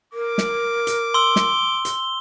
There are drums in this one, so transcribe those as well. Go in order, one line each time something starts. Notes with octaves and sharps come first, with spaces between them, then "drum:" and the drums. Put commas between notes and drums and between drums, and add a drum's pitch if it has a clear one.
A#4 D6
drum: snare
drum: hi-hat
C6 E6 G7
drum: snare
drum: hi-hat